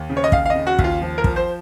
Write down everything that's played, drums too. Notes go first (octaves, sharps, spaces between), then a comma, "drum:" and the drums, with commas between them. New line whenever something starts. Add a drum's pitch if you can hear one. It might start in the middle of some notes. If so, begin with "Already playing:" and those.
Already playing: D#2
C#3
C#5
D#5
D#2 F5, drum: kick
F5
C#3 D#5
F#4
D#2, drum: kick
F4
F3
A#4
F3, drum: kick
C5